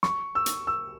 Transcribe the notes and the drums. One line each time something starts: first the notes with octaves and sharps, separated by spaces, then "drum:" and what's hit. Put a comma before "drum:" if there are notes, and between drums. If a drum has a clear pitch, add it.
C#6, drum: snare
E6
drum: hi-hat
E6